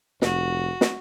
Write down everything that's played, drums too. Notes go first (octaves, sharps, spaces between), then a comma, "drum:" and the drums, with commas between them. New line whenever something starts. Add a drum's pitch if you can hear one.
F1 F#4, drum: snare
drum: snare